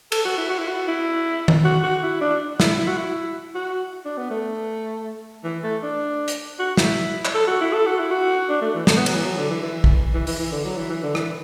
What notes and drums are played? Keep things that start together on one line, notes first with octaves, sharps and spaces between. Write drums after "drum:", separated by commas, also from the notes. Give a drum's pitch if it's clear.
A4, drum: cymbal
F#4
E4
F#4
E4
F#4
E4
drum: tom D#3
F#4
F#4
E4
D4
E4, drum: snare
E4
F#4
E4
F#4
D4
B3
A3
E3
A3
D4
drum: hi-hat
F#4
E4, drum: snare
drum: clap
A4
F#4
E4
A4
F#4
E4
F#4
D4
A3
E3
A3, drum: snare
B3
F#3, drum: cymbal
E3
F#3
D3
E3
E3
drum: kick
E3
E3, drum: open hi-hat
E3
D3
F#3
E3
E3
D3
E3, drum: rim click